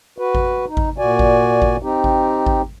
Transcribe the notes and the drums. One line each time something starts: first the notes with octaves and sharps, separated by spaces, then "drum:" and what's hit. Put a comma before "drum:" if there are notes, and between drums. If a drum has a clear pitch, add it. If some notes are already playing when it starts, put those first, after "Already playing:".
F#4 B4
drum: kick G#1
D#4
drum: kick G#1
A#2 F#4 D5 G#5
drum: kick G#1
drum: kick G#1
C4 D#4 G4
drum: kick G#1
drum: kick G#1